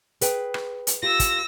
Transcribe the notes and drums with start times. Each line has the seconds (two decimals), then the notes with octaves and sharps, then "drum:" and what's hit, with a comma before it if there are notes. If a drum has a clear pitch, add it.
0.21 G#4 B4 G5, drum: hi-hat
0.54 drum: rim click
0.87 drum: hi-hat
1.03 F4 G4 E6 A#6
1.20 drum: kick, hi-hat